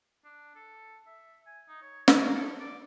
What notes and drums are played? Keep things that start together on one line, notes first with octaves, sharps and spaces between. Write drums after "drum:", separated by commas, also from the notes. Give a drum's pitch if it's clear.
D4
A4
E5
G#5
D#4
C#5
C#5, drum: snare
A4
D5